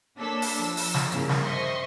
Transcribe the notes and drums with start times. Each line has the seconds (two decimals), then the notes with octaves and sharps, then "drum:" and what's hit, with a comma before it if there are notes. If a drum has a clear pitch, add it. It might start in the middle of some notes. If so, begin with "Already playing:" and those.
0.19 A#3 D4 A4 C#5 E6 B6
0.42 drum: open hi-hat
0.60 F3 E6
0.77 drum: open hi-hat
0.94 drum: snare
1.12 G2 C#3 E3 A#3, drum: hi-hat
1.29 drum: snare
1.42 C5 D#5 E5 G5 C6 C#6